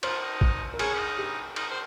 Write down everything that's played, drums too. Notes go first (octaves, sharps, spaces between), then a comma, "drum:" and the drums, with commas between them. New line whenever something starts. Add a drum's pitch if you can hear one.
F4 C5, drum: cymbal
D#4
drum: kick A1
A#4
G#4 C#5, drum: cymbal
C#4
D#4
G4
D#4, drum: cymbal
C5